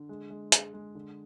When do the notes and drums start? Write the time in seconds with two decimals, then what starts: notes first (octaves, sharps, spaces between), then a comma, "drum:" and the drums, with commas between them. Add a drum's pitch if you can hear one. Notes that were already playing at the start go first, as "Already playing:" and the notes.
Already playing: D3
0.09 G#3
0.30 G#3
0.52 G#3, drum: hi-hat
0.74 G#3
0.95 D3